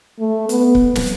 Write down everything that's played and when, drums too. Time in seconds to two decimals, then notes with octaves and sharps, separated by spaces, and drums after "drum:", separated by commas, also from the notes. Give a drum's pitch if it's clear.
0.19 A3
0.49 B3, drum: hi-hat
0.75 drum: kick C#1
0.95 drum: snare